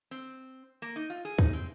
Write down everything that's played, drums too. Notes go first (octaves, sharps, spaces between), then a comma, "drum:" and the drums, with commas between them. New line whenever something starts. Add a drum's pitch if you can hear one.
C4
A#3
D#4
F4
G#4
D#4, drum: kick
C4